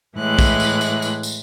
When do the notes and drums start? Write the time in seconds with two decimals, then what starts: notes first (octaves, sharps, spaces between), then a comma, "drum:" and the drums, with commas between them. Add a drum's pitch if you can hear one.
0.17 A2 E3 G#3 F#6
0.39 drum: kick, tambourine
0.60 drum: tambourine
0.81 drum: tambourine
1.02 drum: tambourine
1.23 drum: tambourine